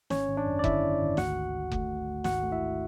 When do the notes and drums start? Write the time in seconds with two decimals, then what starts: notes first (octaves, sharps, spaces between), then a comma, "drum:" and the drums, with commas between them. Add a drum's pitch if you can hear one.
0.10 G#1 C#4 C#5, drum: snare
0.28 G#1
0.37 D4 D5
0.46 F#2
0.59 D5
0.64 D3 E4 E5, drum: kick F1
0.82 G#1
1.00 G#1
1.17 D2 F#4 F#5, drum: snare
1.36 D2
1.53 D3
1.72 A3, drum: kick F1
1.89 D2
2.07 D2
2.24 G#1 F#4 F#5, drum: snare
2.43 A3
2.52 E4 E5
2.61 G#2